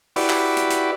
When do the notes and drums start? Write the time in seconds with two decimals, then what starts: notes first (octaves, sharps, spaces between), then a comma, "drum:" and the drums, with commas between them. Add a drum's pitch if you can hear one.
0.16 E4 F#4 G4 B4 D5, drum: open hi-hat
0.30 drum: clap
0.57 drum: hi-hat
0.70 drum: hi-hat